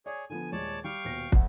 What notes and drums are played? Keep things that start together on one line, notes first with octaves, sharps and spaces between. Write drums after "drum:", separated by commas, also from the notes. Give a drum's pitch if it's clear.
G#4 C#5 D5
D3 F3 B3 G#5
D#1 G#3 C#5 D5 A5
G3 F5 G5 C#6
D#1 B2 A#6
F2 A3 F#5, drum: kick